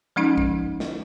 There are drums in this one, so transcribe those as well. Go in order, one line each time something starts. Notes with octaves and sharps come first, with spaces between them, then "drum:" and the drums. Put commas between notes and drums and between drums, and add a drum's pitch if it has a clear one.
F3 G#3 C#4 D#4
drum: kick A#1
drum: snare